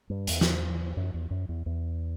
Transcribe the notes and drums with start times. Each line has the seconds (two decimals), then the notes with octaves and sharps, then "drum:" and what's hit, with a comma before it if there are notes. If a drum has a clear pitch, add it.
0.10 G2
0.27 E2, drum: hi-hat
0.41 drum: snare
0.97 F#2
1.14 E2
1.30 F#2
1.49 E2
1.66 E2